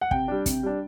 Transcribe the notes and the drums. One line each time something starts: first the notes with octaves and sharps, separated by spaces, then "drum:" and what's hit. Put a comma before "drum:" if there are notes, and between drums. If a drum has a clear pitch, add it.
F#5
C3 G5, drum: kick
G3 D4
C3, drum: kick, hi-hat
G3 D4